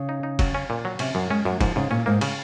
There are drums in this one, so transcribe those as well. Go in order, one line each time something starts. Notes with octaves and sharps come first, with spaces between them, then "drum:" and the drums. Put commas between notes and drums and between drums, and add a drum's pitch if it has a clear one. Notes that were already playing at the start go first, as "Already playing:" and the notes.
Already playing: C#3
D#4
D#4
F#3, drum: kick, cymbal
C#4
A#2
F#3
C3 C#4, drum: cymbal
F#2 F#3
G#3 C#4
F#2 F#3
G#2 F3, drum: kick, cymbal
G#2 C#3
A#2 C#4
G#2 A#3
C#3, drum: cymbal